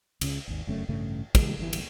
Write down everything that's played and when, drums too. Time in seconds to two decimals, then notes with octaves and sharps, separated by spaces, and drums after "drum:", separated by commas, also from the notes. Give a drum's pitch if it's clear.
0.21 C#2 C#3, drum: cymbal
0.47 G#1 D#2
0.67 F1 F#2 C#3 A3
0.88 A1 G2 C#3 A3
1.35 C#3 E3 G#3, drum: kick, cymbal
1.57 G1 G2 B2 E3
1.73 drum: cymbal